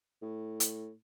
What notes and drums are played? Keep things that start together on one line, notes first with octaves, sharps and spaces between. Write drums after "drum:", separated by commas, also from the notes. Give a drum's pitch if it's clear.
A2
drum: hi-hat